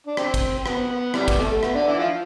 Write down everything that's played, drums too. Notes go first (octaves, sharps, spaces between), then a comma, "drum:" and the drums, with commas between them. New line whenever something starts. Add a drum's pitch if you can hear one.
D4
C4, drum: rim click
drum: kick, cymbal
C4
B3, drum: rim click
B3
C3 E3 G3, drum: rim click
B3, drum: kick, cymbal
A3
B3, drum: rim click
D3 D4
E3 E4
F3 F4